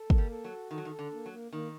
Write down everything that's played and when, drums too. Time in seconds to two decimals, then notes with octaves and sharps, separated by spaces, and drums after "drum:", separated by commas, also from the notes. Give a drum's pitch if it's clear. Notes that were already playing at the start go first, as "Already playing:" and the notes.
Already playing: A4
0.10 A#3, drum: kick
0.18 G3
0.31 A4
0.44 F#3
0.51 F#4
0.71 D#3 A4
0.78 F#3
0.85 D#3
0.91 A4
0.99 D3
1.12 A#3
1.26 F#3
1.32 A#3
1.52 D#3 A#3